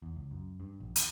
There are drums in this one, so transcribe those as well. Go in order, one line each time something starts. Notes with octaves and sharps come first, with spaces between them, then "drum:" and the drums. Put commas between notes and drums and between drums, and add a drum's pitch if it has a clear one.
E2
C#2
F#2
G2
A#1
D#2, drum: hi-hat